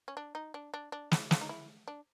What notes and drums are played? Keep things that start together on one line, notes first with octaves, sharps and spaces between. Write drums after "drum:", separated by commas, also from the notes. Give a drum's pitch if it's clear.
C#4
D4
D#4
D4
D4
D4
E4, drum: snare
F4, drum: snare
D#4
E4
D4